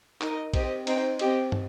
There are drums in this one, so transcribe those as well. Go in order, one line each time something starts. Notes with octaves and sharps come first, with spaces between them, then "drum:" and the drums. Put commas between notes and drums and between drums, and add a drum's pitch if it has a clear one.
D#4 A#4 D#5, drum: clap
C4 G4 D#5, drum: kick A#1, cymbal
C4 D#4 C5 G5, drum: cymbal
C4 G4 D#5, drum: cymbal
drum: tom